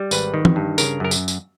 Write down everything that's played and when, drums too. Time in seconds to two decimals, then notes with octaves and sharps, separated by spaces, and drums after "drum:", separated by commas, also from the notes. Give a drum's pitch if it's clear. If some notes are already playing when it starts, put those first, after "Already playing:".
Already playing: G3
0.11 G#1 B4, drum: tambourine
0.34 D#3
0.45 drum: tom
0.56 G2
0.78 C#3 A#4, drum: tambourine
1.00 F#2 A#4
1.11 drum: tambourine
1.28 drum: tambourine